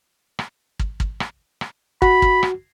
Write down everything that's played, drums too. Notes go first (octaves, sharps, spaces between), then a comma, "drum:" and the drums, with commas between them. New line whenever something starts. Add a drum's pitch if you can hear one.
drum: rim click
drum: kick
drum: kick
drum: rim click
drum: rim click
F#4 B5, drum: kick
drum: kick
drum: rim click